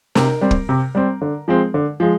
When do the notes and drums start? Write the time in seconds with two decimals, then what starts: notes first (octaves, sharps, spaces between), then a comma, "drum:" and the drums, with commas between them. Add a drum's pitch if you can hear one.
0.15 C3 A#4, drum: snare
0.41 G3 C4
0.51 drum: kick
0.69 C3
0.95 G3 C4
1.21 D3
1.48 F3 G#3 C4
1.74 D3
2.00 F3 G#3